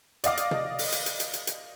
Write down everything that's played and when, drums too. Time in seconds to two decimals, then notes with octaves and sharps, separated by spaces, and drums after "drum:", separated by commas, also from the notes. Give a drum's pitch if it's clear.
0.24 D5 D#5 F5 D6, drum: hi-hat
0.37 drum: hi-hat
0.51 drum: tom
0.79 drum: open hi-hat
0.92 drum: hi-hat
1.06 drum: hi-hat
1.20 drum: hi-hat
1.33 drum: hi-hat
1.47 drum: hi-hat